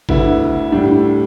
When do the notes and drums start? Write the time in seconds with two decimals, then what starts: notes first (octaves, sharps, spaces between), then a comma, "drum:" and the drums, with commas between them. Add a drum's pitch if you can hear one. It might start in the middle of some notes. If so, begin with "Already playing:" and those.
0.09 D2 D3 B3 E4, drum: kick G#1
0.72 A2 G3 D4